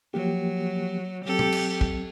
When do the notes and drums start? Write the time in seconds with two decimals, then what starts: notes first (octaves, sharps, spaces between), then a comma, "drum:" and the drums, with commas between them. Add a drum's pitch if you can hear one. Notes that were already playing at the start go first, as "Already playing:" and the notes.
0.14 F3 F#3 A#3 G4
1.25 F#3 C4 G4 A4
1.39 drum: tom
1.52 drum: cymbal
1.81 drum: kick